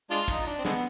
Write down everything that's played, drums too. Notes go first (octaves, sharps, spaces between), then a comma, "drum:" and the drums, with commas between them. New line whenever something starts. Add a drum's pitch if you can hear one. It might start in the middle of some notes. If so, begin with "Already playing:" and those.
G#3 D4 F4
D#4, drum: kick, cymbal
D4
C4
D3 G#3 B3, drum: snare